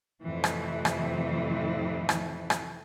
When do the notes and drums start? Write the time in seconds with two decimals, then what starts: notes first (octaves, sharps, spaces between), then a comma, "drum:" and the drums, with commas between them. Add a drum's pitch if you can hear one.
0.23 F2 A2 C3 E3
0.44 drum: rim click
0.85 drum: rim click
2.09 drum: rim click
2.50 drum: rim click